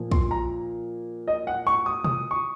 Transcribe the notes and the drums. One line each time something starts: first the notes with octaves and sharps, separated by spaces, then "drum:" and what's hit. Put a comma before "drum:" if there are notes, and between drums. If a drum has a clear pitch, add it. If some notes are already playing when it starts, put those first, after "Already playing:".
Already playing: A#2 F3
C6, drum: kick
A#5
D#5
F#5
C#6
D#6
D#6, drum: tom B2
C#6